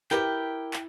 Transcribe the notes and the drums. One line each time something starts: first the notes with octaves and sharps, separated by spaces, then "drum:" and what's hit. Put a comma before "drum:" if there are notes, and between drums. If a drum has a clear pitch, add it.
E4 G4 A#4 B4 G5, drum: clap
drum: clap